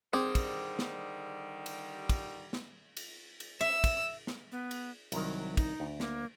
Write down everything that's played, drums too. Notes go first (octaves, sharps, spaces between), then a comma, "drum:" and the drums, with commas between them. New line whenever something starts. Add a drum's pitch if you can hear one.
D3 D#3 G3 C4 G#4 D6
drum: kick, cymbal
drum: snare
drum: cymbal
drum: kick, cymbal
drum: snare
drum: cymbal
drum: cymbal
E5 E6
drum: kick, cymbal
drum: snare
B3
drum: cymbal
C2 D#3 F#3, drum: cymbal
D#4, drum: kick, cymbal
D2
A#3, drum: snare